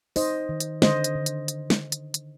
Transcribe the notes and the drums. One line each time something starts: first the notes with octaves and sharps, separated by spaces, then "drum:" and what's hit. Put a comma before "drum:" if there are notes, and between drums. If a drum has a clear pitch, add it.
D#4 C5 D#5, drum: open hi-hat
D#3
drum: hi-hat
D3 C5 D#5, drum: snare
drum: hi-hat
D3
drum: hi-hat
drum: hi-hat
drum: snare
drum: hi-hat
drum: hi-hat